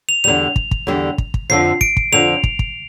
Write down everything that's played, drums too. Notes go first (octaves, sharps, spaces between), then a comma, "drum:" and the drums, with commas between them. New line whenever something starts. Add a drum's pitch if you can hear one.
F7
E2 D3 G3 F7
drum: kick
drum: kick
E2 D3 G3
drum: kick
drum: kick
F2 D3 F3 C7
D7, drum: kick
drum: kick
F2 D3 F3 F7
drum: kick
drum: kick